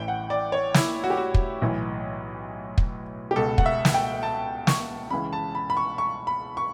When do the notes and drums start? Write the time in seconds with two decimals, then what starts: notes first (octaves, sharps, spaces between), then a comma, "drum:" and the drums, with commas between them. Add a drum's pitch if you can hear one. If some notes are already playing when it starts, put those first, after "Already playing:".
Already playing: A1 A2 E3 G5
0.08 F#5
0.30 D5
0.52 C#5
0.74 E4, drum: snare
1.04 F#4
1.10 G4
1.17 F#4
1.34 drum: kick
1.62 B1 A2 E3
2.78 drum: kick
3.31 G4
3.36 C#2 B2 A4
3.58 F#5, drum: kick
3.66 E5
3.85 drum: snare
3.94 G5
4.23 A5
4.67 C#6, drum: snare
5.10 C#2 C#3 E3 B5
5.33 A5
5.55 B5
5.70 B5
5.77 C#6
5.98 C#6
6.27 B5
6.57 C#6